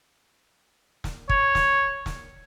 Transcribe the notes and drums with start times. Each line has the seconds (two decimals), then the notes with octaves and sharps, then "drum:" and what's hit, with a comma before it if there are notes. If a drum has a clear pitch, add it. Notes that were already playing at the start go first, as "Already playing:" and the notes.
1.04 drum: snare
1.29 C#5, drum: kick
1.55 drum: snare
2.06 drum: snare